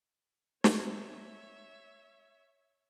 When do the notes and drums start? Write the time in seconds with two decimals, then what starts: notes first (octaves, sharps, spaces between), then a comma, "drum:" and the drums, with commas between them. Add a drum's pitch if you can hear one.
0.64 C#5 E5, drum: snare